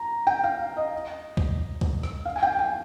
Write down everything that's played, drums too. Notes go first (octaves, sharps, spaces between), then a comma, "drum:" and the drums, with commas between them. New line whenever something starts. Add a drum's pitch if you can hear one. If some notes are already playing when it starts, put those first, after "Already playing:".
Already playing: A#5
G5
F5
D#5
drum: kick C#2
drum: kick C#2
drum: rim click
F5
G#5
G5
G#5